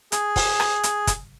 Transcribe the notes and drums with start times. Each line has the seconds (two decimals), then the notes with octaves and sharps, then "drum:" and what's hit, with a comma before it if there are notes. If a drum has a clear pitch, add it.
0.12 G#4, drum: hi-hat
0.36 drum: kick, open hi-hat
0.60 drum: rim click
0.83 drum: hi-hat
1.07 drum: kick, hi-hat